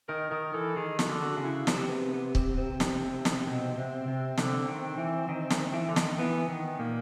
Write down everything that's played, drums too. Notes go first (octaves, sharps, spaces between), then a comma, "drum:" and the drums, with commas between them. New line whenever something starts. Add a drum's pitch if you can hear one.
D#3 A#4
D#3 A#4
E3 A4
D#3 G#4
F#4, drum: snare
D3
F#4
C#3
E4
C3 C4, drum: snare
B3
B3
C4, drum: kick
C4
drum: snare
drum: snare
B2
C3
C3
D3, drum: snare
D#3
E3
D#3
D#3, drum: snare
E3
D3
D#3, drum: snare
E3 B3
D#3 B3
A#2 A#3